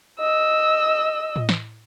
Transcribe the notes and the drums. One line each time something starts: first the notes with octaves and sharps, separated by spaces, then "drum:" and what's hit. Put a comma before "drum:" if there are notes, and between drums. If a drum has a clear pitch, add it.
D#5 E6
drum: tom A2
drum: snare